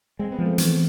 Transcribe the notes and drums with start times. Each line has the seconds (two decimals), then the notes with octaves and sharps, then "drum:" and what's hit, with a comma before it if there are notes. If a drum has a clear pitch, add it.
0.19 G#3 C4
0.32 B3
0.38 F3
0.45 A3
0.58 E3 A3, drum: hi-hat